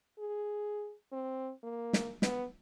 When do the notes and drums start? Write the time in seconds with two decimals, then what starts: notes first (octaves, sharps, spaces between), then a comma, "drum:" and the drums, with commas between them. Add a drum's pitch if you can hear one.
0.19 G#4
1.12 C4
1.63 A#3
1.93 drum: snare
2.22 B3, drum: snare